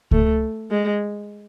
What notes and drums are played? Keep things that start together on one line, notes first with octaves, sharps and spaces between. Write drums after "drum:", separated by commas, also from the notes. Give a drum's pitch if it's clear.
A3, drum: kick C#2
G#3